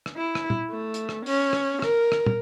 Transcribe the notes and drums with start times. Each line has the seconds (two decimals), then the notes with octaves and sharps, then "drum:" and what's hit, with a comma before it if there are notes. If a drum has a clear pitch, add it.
0.06 drum: rim click
0.17 E4
0.35 drum: rim click
0.50 drum: tom
0.70 A3
0.94 drum: hi-hat
1.09 drum: rim click
1.26 C#4, drum: open hi-hat
1.53 drum: rim click
1.82 A#4, drum: rim click
2.12 drum: rim click
2.26 drum: tom